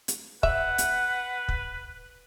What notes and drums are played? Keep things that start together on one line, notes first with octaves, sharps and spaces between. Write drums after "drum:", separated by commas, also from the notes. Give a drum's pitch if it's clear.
drum: hi-hat
B4 E5 F#5, drum: kick
drum: hi-hat
drum: kick